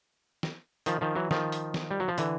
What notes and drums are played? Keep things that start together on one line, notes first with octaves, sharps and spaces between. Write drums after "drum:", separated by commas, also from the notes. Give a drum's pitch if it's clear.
drum: snare
D#3 F3, drum: hi-hat
D#3 F3
E3 F#3
D#3 F3, drum: snare
drum: hi-hat
drum: snare
G3
F#3
F3
D3 E3, drum: hi-hat